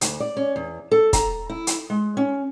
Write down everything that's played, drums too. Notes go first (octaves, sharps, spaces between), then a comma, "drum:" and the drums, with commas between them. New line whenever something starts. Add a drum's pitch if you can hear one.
D2, drum: hi-hat
D5
C#4
E2
A4
A#5, drum: kick, hi-hat
E4
drum: hi-hat
G#3
C#4